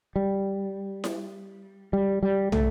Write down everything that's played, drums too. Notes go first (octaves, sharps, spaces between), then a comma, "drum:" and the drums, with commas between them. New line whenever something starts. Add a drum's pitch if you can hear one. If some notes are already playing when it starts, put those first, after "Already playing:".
G3
drum: snare E4
G3
G3
A3, drum: tom